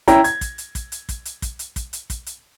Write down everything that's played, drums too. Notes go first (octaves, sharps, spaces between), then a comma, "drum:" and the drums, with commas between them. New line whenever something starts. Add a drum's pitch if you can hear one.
C#4 E4 G5 A#5, drum: kick, hi-hat
G#6, drum: hi-hat
drum: kick, hi-hat
drum: hi-hat
drum: kick, hi-hat
drum: hi-hat
drum: kick, hi-hat
drum: hi-hat
drum: kick, hi-hat
drum: hi-hat
drum: kick, hi-hat
drum: hi-hat
drum: kick, hi-hat
drum: hi-hat